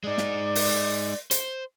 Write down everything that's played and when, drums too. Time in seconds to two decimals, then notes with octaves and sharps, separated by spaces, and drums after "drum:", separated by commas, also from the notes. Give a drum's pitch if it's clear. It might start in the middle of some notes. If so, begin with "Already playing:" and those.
0.04 G#3 D#4 D5
0.18 drum: snare
0.55 drum: open hi-hat
1.31 C5, drum: hi-hat